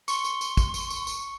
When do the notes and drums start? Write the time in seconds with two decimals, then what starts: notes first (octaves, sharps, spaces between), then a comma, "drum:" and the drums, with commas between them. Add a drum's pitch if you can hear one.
0.08 C6 C#6, drum: tambourine
0.24 drum: tambourine
0.41 drum: tambourine
0.57 drum: kick, tambourine
0.74 drum: tambourine
0.90 drum: tambourine
1.07 drum: tambourine